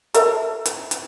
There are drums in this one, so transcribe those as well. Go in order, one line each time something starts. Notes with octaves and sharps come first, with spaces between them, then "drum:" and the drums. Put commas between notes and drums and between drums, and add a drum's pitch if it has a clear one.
A4 A#4 E5, drum: hi-hat
drum: hi-hat
drum: hi-hat